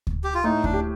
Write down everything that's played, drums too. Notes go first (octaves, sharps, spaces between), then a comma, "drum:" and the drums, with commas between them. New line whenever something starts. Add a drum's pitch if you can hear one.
drum: kick D2
G4
F4
A2 D#4
D4, drum: kick D2
G4